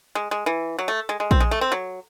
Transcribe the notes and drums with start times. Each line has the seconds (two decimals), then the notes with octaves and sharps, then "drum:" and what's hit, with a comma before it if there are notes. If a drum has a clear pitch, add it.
0.15 G#3
0.31 G#3
0.46 E3
0.79 F#3
0.88 A3
1.09 G#3
1.20 G#3
1.31 C4, drum: kick A#1
1.40 G#3
1.51 A3
1.61 C4
1.72 F#3